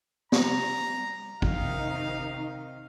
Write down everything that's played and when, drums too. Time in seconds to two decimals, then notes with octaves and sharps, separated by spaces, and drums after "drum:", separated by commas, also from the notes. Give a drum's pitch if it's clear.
0.32 G3 A#5, drum: snare
1.42 C3 D#3 D#4 F5, drum: kick G#1